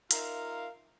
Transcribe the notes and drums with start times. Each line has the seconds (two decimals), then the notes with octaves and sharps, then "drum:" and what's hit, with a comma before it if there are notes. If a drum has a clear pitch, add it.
0.11 D#4 F4 A#4 E5 F5, drum: hi-hat